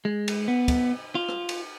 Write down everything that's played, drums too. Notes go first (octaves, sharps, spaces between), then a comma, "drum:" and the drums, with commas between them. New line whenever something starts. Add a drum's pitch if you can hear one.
G#3
drum: cymbal
B3
drum: kick, cymbal
F4
drum: rim click
drum: cymbal